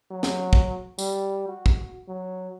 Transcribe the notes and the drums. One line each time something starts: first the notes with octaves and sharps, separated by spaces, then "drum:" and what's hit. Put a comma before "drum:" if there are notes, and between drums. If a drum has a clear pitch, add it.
F#3
drum: snare
drum: kick
G3, drum: tambourine
F#4
drum: kick
F#3